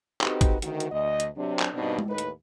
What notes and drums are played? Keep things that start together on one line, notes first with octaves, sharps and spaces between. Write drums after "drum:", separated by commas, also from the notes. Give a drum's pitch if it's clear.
C4 D#4 F#4 G4 A4 B4, drum: clap
drum: kick A1, hi-hat
D2 D#3 F#4, drum: hi-hat
drum: hi-hat
D2 D#5
drum: hi-hat
C3 F#3 D4
drum: clap
G2 B2 B3 C4 D4 D#4
drum: tom G#3
D#2 A2 D#4 B4
drum: hi-hat